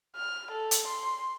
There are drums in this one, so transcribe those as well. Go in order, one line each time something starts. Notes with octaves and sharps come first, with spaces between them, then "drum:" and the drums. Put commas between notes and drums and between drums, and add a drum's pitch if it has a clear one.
F6
A4
drum: hi-hat
C6